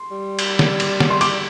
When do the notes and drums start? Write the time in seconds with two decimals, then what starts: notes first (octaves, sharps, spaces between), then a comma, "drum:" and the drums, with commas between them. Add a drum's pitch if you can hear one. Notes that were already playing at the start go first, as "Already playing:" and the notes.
Already playing: C6
0.11 G3
0.39 drum: cymbal
0.59 drum: snare
0.80 drum: cymbal
1.00 drum: snare
1.10 C6
1.21 D6, drum: cymbal